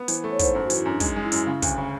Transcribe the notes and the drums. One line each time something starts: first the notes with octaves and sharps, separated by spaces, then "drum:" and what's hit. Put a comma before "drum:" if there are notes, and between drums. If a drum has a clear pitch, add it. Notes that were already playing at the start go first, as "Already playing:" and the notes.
Already playing: B3
E3 C5, drum: hi-hat
C5
A3
C#5
G#2 C5, drum: kick, hi-hat
F#2 C5
F#4
E3, drum: hi-hat
E4
F#2 D4
G#3 D#4, drum: kick, hi-hat
G#3
E4
F#2, drum: hi-hat
C#3
D2, drum: kick, hi-hat
C#3